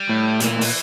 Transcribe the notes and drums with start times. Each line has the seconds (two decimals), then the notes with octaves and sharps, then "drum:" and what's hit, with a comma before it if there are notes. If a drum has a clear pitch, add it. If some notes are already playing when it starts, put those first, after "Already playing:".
Already playing: G3
0.09 A2
0.40 A#2 E3, drum: hi-hat
0.61 drum: open hi-hat